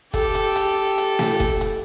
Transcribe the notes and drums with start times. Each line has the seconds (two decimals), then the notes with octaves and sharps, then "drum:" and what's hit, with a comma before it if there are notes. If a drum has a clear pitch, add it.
0.14 G4 A4, drum: kick, hi-hat
0.35 drum: hi-hat
0.56 drum: hi-hat
0.98 drum: hi-hat
1.19 drum: snare
1.40 drum: kick, hi-hat
1.61 drum: hi-hat